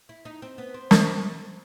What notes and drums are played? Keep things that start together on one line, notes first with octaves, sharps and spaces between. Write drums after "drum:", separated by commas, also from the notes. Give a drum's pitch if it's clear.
E4
D#4
C4
B3
C4
drum: snare